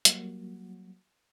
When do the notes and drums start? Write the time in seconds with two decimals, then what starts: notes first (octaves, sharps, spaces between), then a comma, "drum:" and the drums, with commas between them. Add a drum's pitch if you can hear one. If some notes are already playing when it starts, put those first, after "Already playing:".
0.05 F#3 G3 A#3 F#4, drum: hi-hat